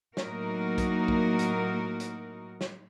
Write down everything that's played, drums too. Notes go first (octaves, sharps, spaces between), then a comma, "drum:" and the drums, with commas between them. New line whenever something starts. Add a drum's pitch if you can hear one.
A2 F#3 A#3 D#4 F#4 A#4, drum: snare
drum: kick, hi-hat
drum: kick
drum: hi-hat
drum: hi-hat
drum: snare